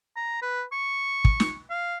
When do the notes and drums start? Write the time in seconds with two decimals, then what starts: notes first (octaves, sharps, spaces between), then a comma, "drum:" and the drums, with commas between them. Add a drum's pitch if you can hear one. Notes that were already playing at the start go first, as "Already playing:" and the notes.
0.16 A#5
0.42 B4
0.72 C#6
1.25 drum: kick
1.40 drum: snare
1.70 F5